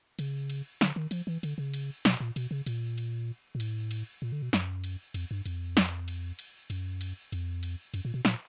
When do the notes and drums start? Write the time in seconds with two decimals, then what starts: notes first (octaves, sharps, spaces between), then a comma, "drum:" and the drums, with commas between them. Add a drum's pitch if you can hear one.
0.19 C#3, drum: cymbal
0.50 drum: cymbal
0.81 D3, drum: snare
0.96 D#3
1.11 F3, drum: cymbal
1.27 E3
1.43 D3, drum: cymbal
1.58 C#3
1.74 drum: cymbal
2.05 B2, drum: snare
2.20 A#2
2.36 B2, drum: cymbal
2.51 C#3
2.66 A#2, drum: cymbal
2.98 drum: cymbal
3.55 A#2
3.60 A2, drum: cymbal
3.91 drum: cymbal
4.22 A#2
4.32 D3
4.42 B2
4.53 F#2, drum: snare
4.84 drum: cymbal
5.14 F2, drum: cymbal
5.31 G2
5.46 F2, drum: cymbal
5.77 drum: snare
6.08 drum: cymbal
6.39 drum: cymbal
6.70 F#2, drum: cymbal
7.01 drum: cymbal
7.32 F2, drum: cymbal
7.63 drum: cymbal
7.94 F#2, drum: cymbal
8.05 A#2
8.14 B2
8.25 A#2, drum: snare